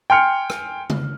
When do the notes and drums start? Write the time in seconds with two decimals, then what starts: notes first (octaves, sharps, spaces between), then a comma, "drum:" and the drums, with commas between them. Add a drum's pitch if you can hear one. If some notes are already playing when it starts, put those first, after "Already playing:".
0.10 G5 G#5 C6 F6 C#7
0.50 drum: rim click
0.90 drum: tom C#3